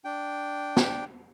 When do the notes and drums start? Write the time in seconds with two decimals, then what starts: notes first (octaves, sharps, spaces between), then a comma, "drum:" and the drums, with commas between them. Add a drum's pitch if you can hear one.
0.05 D4 G5
0.77 drum: snare